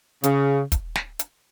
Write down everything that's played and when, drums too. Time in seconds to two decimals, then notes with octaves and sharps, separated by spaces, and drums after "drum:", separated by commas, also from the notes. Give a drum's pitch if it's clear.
0.24 C#3, drum: hi-hat
0.72 drum: kick, hi-hat
0.95 drum: snare
1.19 drum: hi-hat